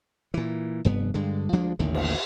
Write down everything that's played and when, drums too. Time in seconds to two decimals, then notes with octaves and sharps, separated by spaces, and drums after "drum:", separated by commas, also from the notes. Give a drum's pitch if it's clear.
0.34 A#2 E3
0.85 F1 G2 B3
1.14 G2 D3 G#3
1.53 D2 F3 G#3 D4
1.79 A1 D#2 D3 D#3
1.94 drum: cymbal